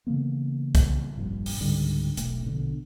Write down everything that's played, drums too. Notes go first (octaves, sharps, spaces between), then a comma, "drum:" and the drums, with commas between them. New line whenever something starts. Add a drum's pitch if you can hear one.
C#3 E3 A#3 B3
drum: kick, hi-hat
F1 A#1 G2
drum: open hi-hat
C#2 G#2 D3 G3
E1 B1 A3, drum: hi-hat
A#1 B2 D3